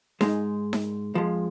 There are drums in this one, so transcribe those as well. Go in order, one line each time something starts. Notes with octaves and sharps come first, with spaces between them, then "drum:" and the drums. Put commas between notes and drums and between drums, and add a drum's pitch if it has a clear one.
G#2 G#3 D#4, drum: snare D#4
drum: snare D#4
F2 F3 G#3